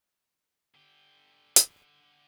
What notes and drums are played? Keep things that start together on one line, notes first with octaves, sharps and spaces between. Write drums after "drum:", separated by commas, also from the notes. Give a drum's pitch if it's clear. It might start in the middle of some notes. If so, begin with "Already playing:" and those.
D3 G4
drum: hi-hat